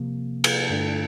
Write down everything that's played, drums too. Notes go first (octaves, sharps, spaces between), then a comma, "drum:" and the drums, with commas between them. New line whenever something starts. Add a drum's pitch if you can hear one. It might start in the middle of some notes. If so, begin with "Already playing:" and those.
Already playing: C3 F3 A#3
drum: cymbal
G2 D3 A3 D4 A4